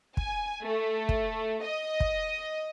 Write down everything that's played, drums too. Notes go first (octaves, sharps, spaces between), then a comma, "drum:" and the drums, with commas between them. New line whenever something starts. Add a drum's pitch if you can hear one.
G#5, drum: kick
A3
drum: kick
D#5
drum: kick